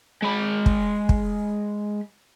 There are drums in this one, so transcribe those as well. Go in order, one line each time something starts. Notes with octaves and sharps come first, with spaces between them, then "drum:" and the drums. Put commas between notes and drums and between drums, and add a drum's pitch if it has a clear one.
G#3 B5
drum: kick
drum: kick